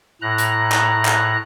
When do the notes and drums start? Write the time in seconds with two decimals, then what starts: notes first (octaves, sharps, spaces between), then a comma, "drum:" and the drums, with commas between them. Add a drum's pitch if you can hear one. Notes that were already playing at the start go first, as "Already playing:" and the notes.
0.22 A2 A#5 F#6
0.38 drum: hi-hat
0.72 drum: clap
1.05 drum: clap